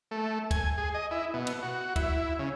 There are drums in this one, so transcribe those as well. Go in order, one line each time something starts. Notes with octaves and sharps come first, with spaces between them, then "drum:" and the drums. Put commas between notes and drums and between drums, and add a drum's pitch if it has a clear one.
A3
G#5, drum: kick D2, cymbal
G#4
D#5
E4
B2
drum: cymbal
F#4
E4, drum: kick D2, cymbal
C#3